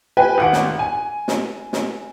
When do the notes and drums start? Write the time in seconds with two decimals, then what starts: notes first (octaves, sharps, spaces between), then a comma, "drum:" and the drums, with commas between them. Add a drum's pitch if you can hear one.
0.17 B4 G5 G#5
0.38 G#1 F#5 D7
0.53 drum: snare
0.79 G#5
1.28 drum: snare
1.73 drum: snare